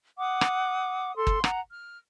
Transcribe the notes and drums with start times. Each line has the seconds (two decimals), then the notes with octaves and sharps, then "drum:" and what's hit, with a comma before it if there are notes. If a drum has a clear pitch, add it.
0.18 F#5 D6 D#6
0.41 drum: rim click
1.16 A4 C6
1.27 drum: kick
1.44 F#5 A#5, drum: rim click
1.71 F6